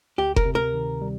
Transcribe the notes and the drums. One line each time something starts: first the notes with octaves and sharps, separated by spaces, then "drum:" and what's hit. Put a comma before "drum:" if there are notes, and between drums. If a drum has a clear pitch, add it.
D2 G4
A#4, drum: kick F1
C3
A#4
D#3
G3